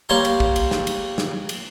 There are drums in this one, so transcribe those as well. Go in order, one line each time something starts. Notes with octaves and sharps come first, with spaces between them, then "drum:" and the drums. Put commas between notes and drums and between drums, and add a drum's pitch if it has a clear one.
G3 A#3 C#5 A#5 C6
drum: cymbal
drum: kick
drum: cymbal
drum: snare
drum: cymbal
drum: snare
drum: cymbal